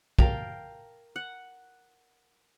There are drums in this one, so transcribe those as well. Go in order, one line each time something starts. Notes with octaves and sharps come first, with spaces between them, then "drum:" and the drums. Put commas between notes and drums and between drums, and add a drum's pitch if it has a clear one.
A#4 F5 G5 A5, drum: kick
F#5